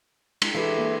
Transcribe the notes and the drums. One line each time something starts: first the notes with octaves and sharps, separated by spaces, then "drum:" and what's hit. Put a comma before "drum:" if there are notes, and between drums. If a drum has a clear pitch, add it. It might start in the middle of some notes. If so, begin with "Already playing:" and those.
G#3, drum: cymbal
E3 G4 A4 B4 E5
A#3